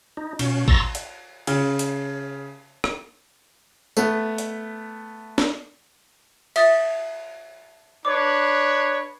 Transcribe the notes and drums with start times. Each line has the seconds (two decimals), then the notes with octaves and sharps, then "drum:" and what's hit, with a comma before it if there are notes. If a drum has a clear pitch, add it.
0.17 D#4
0.39 B2 C#4, drum: cymbal
0.68 A#5 C6 C#6 E6 A6 A#6, drum: kick A1
0.95 drum: hi-hat
1.47 C#3, drum: cymbal
1.79 drum: hi-hat
2.84 drum: rim click
3.97 A3 B3, drum: tambourine
4.38 drum: hi-hat
5.38 drum: snare
6.56 E5 D#6 A6, drum: cymbal
8.05 D4 B4 C#5 D6